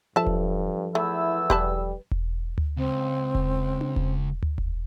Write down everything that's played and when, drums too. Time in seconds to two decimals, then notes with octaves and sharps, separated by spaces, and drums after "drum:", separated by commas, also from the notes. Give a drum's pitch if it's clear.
0.16 G2 F3 A4 E5 A5
0.27 drum: kick E1
0.95 E2 A3 E4 E6
1.50 G3 G4 B4 A5, drum: kick E1
2.11 drum: kick E1
2.58 drum: tom D2
2.77 C#2 C4
3.35 drum: kick E1
3.81 drum: tom D4
3.96 drum: kick E1
4.43 drum: tom D2
4.58 drum: kick E1